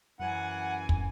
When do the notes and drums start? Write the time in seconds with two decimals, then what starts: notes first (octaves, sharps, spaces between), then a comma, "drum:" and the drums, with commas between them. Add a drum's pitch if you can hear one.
0.20 F#2 E3 F#5 G#5
0.89 drum: kick